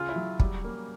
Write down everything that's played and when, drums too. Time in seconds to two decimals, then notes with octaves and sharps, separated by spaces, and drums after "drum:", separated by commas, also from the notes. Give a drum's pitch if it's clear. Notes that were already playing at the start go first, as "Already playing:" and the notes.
Already playing: C#3 F4
0.09 E4
0.16 F#3
0.40 G3, drum: kick
0.64 A#3